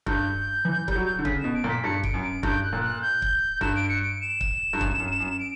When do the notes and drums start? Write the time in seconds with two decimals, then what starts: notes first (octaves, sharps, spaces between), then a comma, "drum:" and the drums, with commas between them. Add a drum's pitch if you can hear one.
0.07 G2 G6, drum: kick C#1
0.65 E3
0.88 G3, drum: kick C#1
0.95 F#3
1.19 D3
1.25 C#3 B6, drum: kick C#1
1.40 B2 E7
1.54 D7
1.64 A#2
1.69 B6
1.84 G2 C#7
2.03 D7, drum: kick C#1
2.14 F#2
2.23 D7
2.43 G2 G6, drum: kick C#1
2.63 F#6
2.73 A#2
2.83 F#6
3.02 G6
3.22 drum: kick C#1
3.61 G2 E7, drum: kick C#1
3.76 D7
3.89 C#7
4.02 D7
4.21 E7
4.41 drum: kick C#1
4.73 G2
4.81 F#2, drum: kick C#1
5.00 F#2
5.20 F#2
5.39 D7